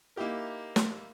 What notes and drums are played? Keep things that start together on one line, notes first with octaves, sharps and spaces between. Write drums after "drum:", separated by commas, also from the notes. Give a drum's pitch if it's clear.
A#3 D#4 E4 G4 A#4
drum: snare